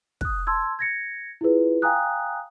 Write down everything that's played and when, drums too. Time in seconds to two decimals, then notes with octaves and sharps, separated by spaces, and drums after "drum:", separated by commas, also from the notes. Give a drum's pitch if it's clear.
0.21 D#6 F#6, drum: kick
0.47 A5 C6 E6 G#6
0.79 G#6 A#6 C#7
1.41 E4 F4 G#4 B4
1.82 F5 G5 G#5 A#5 D#6 F#6